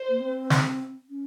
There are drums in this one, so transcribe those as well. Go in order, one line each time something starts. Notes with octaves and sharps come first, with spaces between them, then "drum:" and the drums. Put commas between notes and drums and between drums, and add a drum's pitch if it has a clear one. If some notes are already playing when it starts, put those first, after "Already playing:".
Already playing: C5
A#3
C4
drum: snare
C#4